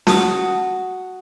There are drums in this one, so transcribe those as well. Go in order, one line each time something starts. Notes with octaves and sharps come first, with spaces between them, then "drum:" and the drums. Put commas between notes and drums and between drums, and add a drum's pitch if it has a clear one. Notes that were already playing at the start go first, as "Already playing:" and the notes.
F#4 A5 D#6, drum: snare